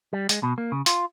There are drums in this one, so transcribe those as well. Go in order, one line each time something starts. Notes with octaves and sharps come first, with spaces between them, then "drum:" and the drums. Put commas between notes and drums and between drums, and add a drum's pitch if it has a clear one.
G3
G#3, drum: hi-hat
B2
A#3
C#3
F4, drum: hi-hat